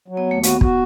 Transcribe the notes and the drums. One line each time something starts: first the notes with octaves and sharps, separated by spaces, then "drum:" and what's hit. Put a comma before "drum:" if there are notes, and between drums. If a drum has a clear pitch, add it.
F#3
B3
D#2
A3
B3 F#4, drum: hi-hat
F#4, drum: kick